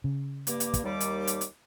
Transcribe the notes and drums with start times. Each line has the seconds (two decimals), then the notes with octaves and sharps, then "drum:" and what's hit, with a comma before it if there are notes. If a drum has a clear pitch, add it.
0.04 C#3
0.47 G2 A#3 D6, drum: hi-hat
0.60 drum: hi-hat
0.74 drum: kick, hi-hat
0.83 D#2 G3 D6
1.01 drum: hi-hat
1.27 drum: hi-hat
1.41 drum: hi-hat